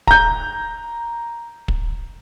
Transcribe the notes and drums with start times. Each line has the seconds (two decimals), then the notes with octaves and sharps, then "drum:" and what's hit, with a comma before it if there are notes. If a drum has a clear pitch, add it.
0.07 A#5 G6, drum: kick
1.68 drum: kick